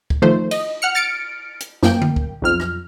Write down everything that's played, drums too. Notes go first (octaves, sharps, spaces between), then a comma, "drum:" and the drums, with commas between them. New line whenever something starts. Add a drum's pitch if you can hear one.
drum: kick
D#3 F3 A3 C5
D#5, drum: cymbal
F#5 F6 C#7
F6 A6 C#7 D7
drum: hi-hat
F#2 A#3 G5, drum: snare
drum: tom D3
drum: kick
B1 F2 F6
drum: rim click